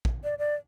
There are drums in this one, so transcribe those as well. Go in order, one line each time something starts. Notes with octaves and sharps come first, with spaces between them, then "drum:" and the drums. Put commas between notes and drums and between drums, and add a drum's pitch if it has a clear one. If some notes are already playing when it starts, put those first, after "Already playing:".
drum: kick
D5
D5